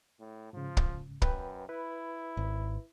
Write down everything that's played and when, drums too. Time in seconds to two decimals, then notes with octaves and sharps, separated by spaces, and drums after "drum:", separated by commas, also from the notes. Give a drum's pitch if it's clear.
0.19 A2
0.53 G#2 C#3 F3
0.77 drum: kick
1.22 F#2 B4 G5, drum: kick
1.69 E4 B4
2.37 G#1